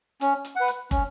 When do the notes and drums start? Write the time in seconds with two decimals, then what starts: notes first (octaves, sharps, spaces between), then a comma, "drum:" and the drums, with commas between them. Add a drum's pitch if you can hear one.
0.21 C#4, drum: hi-hat
0.45 drum: hi-hat
0.56 B4 F#5
0.68 drum: hi-hat
0.91 C#4, drum: kick, hi-hat